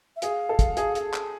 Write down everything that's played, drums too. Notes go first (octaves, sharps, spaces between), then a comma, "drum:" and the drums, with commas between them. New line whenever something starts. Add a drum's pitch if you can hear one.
E5
G#4 F5, drum: hi-hat
A4
drum: kick, hi-hat
G#4, drum: hi-hat
drum: hi-hat
drum: clap